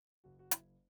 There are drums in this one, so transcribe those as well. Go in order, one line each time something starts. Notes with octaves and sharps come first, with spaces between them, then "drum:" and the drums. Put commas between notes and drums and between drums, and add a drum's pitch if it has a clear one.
F#1 F#4
F#4
F#1 E4, drum: hi-hat